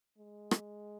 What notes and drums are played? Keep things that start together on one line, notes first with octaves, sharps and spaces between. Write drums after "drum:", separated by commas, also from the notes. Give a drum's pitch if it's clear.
G#3
drum: rim click